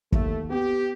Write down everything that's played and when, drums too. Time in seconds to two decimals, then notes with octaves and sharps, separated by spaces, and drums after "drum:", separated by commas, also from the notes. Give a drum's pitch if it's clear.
0.12 D#2 A3, drum: kick
0.50 B3 G4